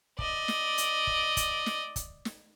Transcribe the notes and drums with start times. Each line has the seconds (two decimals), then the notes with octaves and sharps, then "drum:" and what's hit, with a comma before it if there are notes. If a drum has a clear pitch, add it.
0.19 D5 D#5, drum: kick
0.48 drum: snare
0.78 drum: hi-hat
1.07 drum: kick
1.37 drum: kick, hi-hat
1.66 drum: snare
1.96 drum: kick, hi-hat
2.25 drum: snare